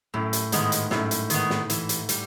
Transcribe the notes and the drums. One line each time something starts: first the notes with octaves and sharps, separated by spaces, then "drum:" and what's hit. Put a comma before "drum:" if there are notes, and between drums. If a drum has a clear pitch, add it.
F#2 A2
drum: hi-hat
G#2 D#3 G#3 B3, drum: hi-hat
drum: hi-hat
F#2 A2, drum: snare
drum: hi-hat
D#3 G#3 B3, drum: hi-hat
drum: snare
E3, drum: hi-hat
drum: hi-hat
G3, drum: hi-hat